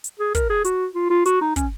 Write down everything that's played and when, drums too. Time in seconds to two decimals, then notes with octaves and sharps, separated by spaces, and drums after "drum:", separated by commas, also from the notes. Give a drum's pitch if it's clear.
0.04 drum: hi-hat
0.20 G#4
0.35 A#4, drum: kick, hi-hat
0.50 G#4
0.65 F#4, drum: hi-hat
0.95 F4
1.10 F4
1.25 F#4, drum: hi-hat
1.41 D#4
1.56 C#4, drum: kick, hi-hat